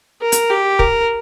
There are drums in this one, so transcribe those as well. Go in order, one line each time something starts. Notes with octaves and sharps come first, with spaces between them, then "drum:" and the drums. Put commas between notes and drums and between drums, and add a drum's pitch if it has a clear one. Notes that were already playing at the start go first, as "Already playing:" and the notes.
A#4
drum: hi-hat
G4
A#4, drum: kick